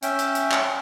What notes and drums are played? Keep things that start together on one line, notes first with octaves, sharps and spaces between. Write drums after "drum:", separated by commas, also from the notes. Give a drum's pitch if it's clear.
C#4 E5 G5, drum: hi-hat
drum: hi-hat
drum: hi-hat
drum: clap